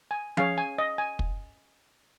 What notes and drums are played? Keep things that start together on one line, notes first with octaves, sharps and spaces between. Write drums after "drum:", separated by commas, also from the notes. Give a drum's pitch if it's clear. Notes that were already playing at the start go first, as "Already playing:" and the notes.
G#5
C#4 G#4 C#5 F5, drum: tom F3
G#5
D#5
G#5
drum: kick